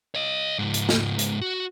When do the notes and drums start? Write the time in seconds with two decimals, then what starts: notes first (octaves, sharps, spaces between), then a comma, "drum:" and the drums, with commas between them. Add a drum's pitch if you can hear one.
0.15 C#5 D#5
0.59 C#2 G#2
0.74 drum: hi-hat
0.89 drum: snare
1.19 drum: hi-hat
1.41 F#4